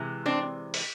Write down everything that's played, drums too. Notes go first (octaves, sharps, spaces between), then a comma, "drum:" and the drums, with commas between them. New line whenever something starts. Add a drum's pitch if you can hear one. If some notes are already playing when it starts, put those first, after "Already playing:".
Already playing: C3 E3 G#3
C4 D4
drum: open hi-hat